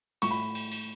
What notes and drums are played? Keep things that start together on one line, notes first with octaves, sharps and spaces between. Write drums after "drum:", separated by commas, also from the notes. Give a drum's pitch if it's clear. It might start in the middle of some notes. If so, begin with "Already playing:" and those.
A2 C#6, drum: cymbal
B5
drum: cymbal
drum: cymbal